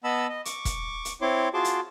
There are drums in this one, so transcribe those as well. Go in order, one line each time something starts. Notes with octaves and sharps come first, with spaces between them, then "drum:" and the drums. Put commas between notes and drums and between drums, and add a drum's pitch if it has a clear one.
B3 D#5 A5 B5 E6
D#5
C#6 D6, drum: hi-hat
drum: kick E1, hi-hat
drum: hi-hat
C4 E4 C#5 C6 D6
F4 F#4 G#4 A5 C6 D6
drum: hi-hat